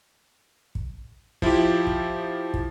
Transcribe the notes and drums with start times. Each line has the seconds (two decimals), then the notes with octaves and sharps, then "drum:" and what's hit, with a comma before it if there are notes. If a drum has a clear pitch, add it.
0.75 drum: kick
1.42 F3 E4 F4 G4, drum: kick
1.87 drum: kick
2.54 drum: kick